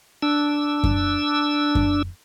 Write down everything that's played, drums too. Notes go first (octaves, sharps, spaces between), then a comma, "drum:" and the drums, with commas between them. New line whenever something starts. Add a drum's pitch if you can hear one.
D4 E6
drum: kick F#2
drum: kick F#2